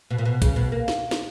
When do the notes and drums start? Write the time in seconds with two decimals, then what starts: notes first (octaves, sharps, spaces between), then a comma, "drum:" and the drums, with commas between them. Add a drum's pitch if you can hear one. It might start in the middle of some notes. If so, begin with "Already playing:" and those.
0.10 B2
0.18 A#2
0.25 B2
0.42 C#3, drum: kick B1, hi-hat
0.56 B2
0.72 A#3
0.88 drum: snare
1.11 drum: snare